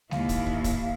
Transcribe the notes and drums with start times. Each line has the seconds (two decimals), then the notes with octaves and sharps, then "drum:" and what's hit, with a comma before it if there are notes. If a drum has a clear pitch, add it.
0.11 D#2 E4 F5, drum: snare G#3
0.29 drum: kick, hi-hat
0.47 drum: kick
0.64 drum: kick, hi-hat